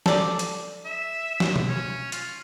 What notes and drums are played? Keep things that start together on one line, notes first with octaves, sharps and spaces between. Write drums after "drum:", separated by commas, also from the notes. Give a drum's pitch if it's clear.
A4 D5, drum: snare
drum: hi-hat
E5
drum: snare
drum: tom B2
C#4
F4, drum: hi-hat